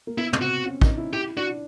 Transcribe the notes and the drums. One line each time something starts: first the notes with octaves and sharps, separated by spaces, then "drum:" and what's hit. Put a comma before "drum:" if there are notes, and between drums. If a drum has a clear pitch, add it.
A#3
B3 E4
C4, drum: tom
F#4
C#4
D#4, drum: kick
E4
E4 G4
D4 F#4